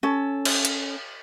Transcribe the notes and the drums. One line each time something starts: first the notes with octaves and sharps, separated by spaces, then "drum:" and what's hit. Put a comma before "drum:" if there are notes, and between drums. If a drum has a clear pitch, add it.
C#4 A4
drum: cymbal
drum: hi-hat